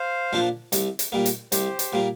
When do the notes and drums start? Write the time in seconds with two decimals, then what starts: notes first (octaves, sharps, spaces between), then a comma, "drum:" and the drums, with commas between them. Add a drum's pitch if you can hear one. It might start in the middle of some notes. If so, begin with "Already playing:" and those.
Already playing: C5 F5
0.33 A#2 F3 D4 F4
0.72 C2, drum: hi-hat
0.99 drum: hi-hat
1.12 A#2 G3 A#3
1.26 drum: hi-hat
1.52 C2 G4 C5, drum: hi-hat
1.79 drum: hi-hat
1.93 A#2 G3 A#3